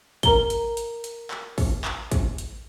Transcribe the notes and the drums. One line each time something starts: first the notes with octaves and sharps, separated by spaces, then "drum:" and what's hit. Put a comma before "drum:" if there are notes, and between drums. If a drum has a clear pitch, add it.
A#4 A#5 G7, drum: kick, hi-hat
drum: hi-hat
drum: hi-hat
drum: hi-hat
drum: clap
drum: kick, open hi-hat
drum: clap
drum: kick, hi-hat
drum: hi-hat